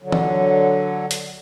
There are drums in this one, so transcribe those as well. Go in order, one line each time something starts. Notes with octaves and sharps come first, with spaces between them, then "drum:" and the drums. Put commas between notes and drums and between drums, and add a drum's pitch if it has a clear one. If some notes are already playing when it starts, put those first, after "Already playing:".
D3 F#3
drum: tom E3
drum: hi-hat